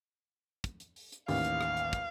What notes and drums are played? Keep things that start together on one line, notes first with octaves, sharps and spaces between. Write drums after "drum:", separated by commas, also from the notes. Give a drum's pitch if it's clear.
drum: kick, hi-hat
drum: hi-hat
drum: open hi-hat
drum: hi-hat
A1 D#2 F5, drum: open hi-hat
drum: hi-hat
drum: rim click
drum: hi-hat
drum: kick, hi-hat